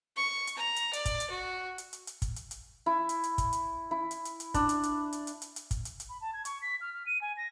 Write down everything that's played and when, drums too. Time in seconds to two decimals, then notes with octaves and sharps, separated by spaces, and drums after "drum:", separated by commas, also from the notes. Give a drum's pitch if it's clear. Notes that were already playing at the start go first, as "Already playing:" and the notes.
0.16 C#6
0.47 drum: hi-hat
0.57 A#5
0.76 drum: hi-hat
0.93 D5, drum: hi-hat
1.05 drum: kick, hi-hat
1.20 drum: hi-hat
1.30 F#4
1.78 drum: hi-hat
1.93 drum: hi-hat
2.07 drum: hi-hat
2.22 drum: kick, hi-hat
2.36 drum: hi-hat
2.51 drum: hi-hat
2.86 E4
3.09 drum: hi-hat
3.24 drum: hi-hat
3.38 drum: kick, hi-hat
3.53 drum: hi-hat
3.91 E4
4.11 drum: hi-hat
4.25 drum: hi-hat
4.40 drum: hi-hat
4.54 D4, drum: kick, hi-hat
4.69 drum: hi-hat
4.83 drum: hi-hat
5.13 drum: hi-hat
5.27 drum: hi-hat
5.42 drum: hi-hat
5.56 drum: hi-hat
5.71 drum: kick, hi-hat
5.85 drum: hi-hat
6.00 drum: hi-hat
6.09 B5
6.21 A5
6.34 G#6
6.45 C#6, drum: hi-hat
6.62 B6
6.81 F6
6.93 F6
7.06 D#7
7.21 G#5
7.37 A#6